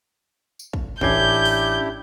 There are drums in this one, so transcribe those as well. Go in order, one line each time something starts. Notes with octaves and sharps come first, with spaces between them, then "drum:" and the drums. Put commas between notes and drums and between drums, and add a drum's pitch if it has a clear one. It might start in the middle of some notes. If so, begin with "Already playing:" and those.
drum: tambourine
drum: kick
A1 C#4 D4 E4 G4 G6 G#6, drum: kick
drum: open hi-hat